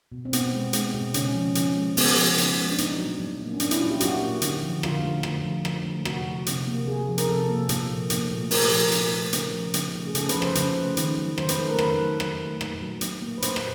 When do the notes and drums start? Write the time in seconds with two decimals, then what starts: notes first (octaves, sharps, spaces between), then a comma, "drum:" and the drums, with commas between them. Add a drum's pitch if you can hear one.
0.12 B2
0.25 C4
0.33 B2 B3, drum: hi-hat
0.53 G#3
0.73 G#3, drum: hi-hat
0.94 B2
1.14 C#3 C#4, drum: hi-hat
1.34 F3
1.55 C#3, drum: hi-hat
1.76 G#3
1.97 C#3 B3, drum: open hi-hat
2.17 F3
2.38 C#3, drum: hi-hat
2.58 G#3
2.69 D4
2.78 A#2 D#4, drum: hi-hat
2.99 F#3
3.19 A#2
3.40 A#3
3.53 C#4
3.60 A#2 D4, drum: hi-hat
3.71 E4, drum: hi-hat
3.80 F#3 F4
3.91 G4
4.00 A#2 F#4, drum: hi-hat
4.21 A#3
4.42 D3, drum: hi-hat
4.63 F3
4.83 D3 F4, drum: rim click
5.04 A3
5.23 D3, drum: rim click
5.44 F3
5.65 D3, drum: rim click
5.85 A3
6.05 C3 F#4, drum: rim click
6.26 F3
6.46 C3, drum: hi-hat
6.67 A#3
6.87 C3 G#4
7.08 F3
7.18 A#4, drum: hi-hat
7.29 C3 A4
7.49 A#3
7.69 A#2, drum: hi-hat
7.90 F3
8.10 A#2, drum: hi-hat
8.31 A3
8.51 A#2 A#4, drum: open hi-hat
8.63 A4
8.72 F3 A#4
8.92 A#2, drum: hi-hat
9.13 A3
9.33 C#3 A#4, drum: hi-hat
9.53 F3
9.74 C#3, drum: hi-hat
9.95 A3
10.07 G#4
10.15 C#3 A4, drum: hi-hat
10.29 B4, drum: hi-hat
10.35 F3
10.42 C5, drum: rim click
10.55 C#3 B4, drum: hi-hat
10.76 A3
10.97 D#3, drum: hi-hat
11.18 F#3
11.38 D#3 C5, drum: rim click
11.49 B4, drum: hi-hat
11.58 A3 A4
11.69 A#4
11.79 D#3 B4, drum: rim click
12.00 F#3
12.20 D#3, drum: rim click
12.40 A3
12.61 A#2, drum: rim click
12.82 F#3
13.01 A#2, drum: hi-hat
13.22 A#3
13.38 B4
13.42 A#2 C5, drum: hi-hat
13.56 drum: rim click